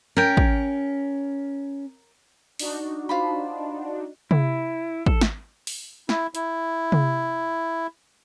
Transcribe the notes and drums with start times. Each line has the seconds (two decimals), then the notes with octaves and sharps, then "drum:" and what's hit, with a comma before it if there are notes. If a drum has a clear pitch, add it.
0.17 C#4 A#4 G5
0.37 drum: kick
2.59 D4 D#4 F#4, drum: open hi-hat
3.09 F4 C5 B5
4.31 E4, drum: tom C3
5.06 A4, drum: kick
5.21 drum: snare
5.67 drum: open hi-hat
6.09 E4, drum: snare
6.35 E4, drum: hi-hat
6.92 drum: tom C3